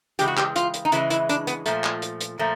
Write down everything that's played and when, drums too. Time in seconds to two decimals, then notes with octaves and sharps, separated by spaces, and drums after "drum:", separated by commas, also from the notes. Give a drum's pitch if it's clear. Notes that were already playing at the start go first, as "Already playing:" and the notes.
0.19 C#3 E3 G#3 G4, drum: hi-hat
0.28 F#4
0.37 G4, drum: clap
0.56 F4, drum: hi-hat
0.74 drum: hi-hat
0.85 D#4
0.92 C#3 E3 G#3 E4, drum: hi-hat
1.10 E4, drum: hi-hat
1.29 D4, drum: hi-hat
1.47 B3, drum: hi-hat
1.66 A#2 F3 A3, drum: hi-hat
1.84 drum: clap
2.02 drum: hi-hat
2.21 drum: hi-hat
2.39 A#2 F3 A3